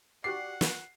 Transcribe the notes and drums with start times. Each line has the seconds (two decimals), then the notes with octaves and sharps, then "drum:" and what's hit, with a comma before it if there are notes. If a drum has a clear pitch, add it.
0.24 F#4 G4 D5 F#5 C7
0.61 drum: snare